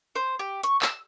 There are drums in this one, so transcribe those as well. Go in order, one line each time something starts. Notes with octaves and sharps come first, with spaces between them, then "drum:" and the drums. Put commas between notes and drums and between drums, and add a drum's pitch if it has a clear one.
C5
G4
C#6, drum: hi-hat
E6, drum: clap